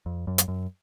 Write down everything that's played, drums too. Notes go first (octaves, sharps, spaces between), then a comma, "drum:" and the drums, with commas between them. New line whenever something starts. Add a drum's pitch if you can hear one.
F2
F#2
drum: hi-hat
F#2